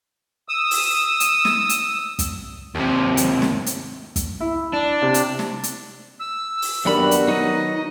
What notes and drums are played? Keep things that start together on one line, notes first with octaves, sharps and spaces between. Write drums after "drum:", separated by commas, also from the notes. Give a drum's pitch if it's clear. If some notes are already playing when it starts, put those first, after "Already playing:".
D#6 E6
drum: open hi-hat
drum: hi-hat
drum: snare
drum: hi-hat
drum: kick, hi-hat
D#2 C3
drum: hi-hat
drum: snare
drum: hi-hat
drum: kick, hi-hat
E4
D4
C3
drum: hi-hat
drum: snare
drum: hi-hat
E6
drum: open hi-hat
F#2 D#3 B3 D4 F#4 G4 A#4 B5
drum: hi-hat
F#3 D#4 D#5